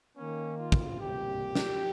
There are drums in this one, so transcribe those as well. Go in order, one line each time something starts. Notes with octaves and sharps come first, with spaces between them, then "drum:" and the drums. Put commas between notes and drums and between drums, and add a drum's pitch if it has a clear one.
D#3 A#3 C#4
F4
drum: kick
C3 G3 A#3 G4
drum: snare